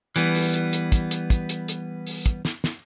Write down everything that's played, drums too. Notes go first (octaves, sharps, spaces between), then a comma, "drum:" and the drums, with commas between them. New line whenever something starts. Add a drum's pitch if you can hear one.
E3 G3 B3, drum: hi-hat
drum: open hi-hat
drum: hi-hat
drum: hi-hat
drum: kick, hi-hat
drum: hi-hat
drum: kick, hi-hat
drum: hi-hat
drum: hi-hat
drum: open hi-hat
drum: kick, hi-hat
drum: snare
drum: snare